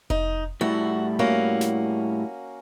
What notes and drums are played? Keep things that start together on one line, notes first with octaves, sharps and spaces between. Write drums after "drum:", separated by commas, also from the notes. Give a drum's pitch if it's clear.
D#4, drum: kick F1
A2 G3 E4 F#4
A#3 C#4 F#4
drum: snare